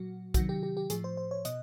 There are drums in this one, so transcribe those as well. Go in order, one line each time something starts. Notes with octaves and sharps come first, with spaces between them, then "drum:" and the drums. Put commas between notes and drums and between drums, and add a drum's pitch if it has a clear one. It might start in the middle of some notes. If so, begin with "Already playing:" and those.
Already playing: A#2 F#3 F#4
C3 D#3 F#3 F#4, drum: kick, hi-hat
G4
G4
G4
A2 F3 G#4, drum: hi-hat
C5
C5
C#5
B2 D#5, drum: hi-hat